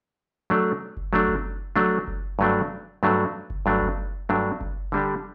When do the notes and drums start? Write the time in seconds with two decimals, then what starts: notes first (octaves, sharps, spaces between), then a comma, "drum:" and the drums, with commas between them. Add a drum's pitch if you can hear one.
0.50 F#3 A3 D4
0.97 drum: kick F#1
1.13 F#3 A3 D4
1.29 drum: kick F#1
1.76 F#3 A3 D4
2.08 drum: kick F#1
2.39 G2 F#3 A3 D4
3.03 G2 F#3 A3 D4
3.50 drum: kick F#1
3.66 G2 F#3 A3 D4
3.82 drum: kick F#1
4.29 G2 F#3 A3 D4
4.61 drum: kick F#1
4.92 D3 G3 D4 G4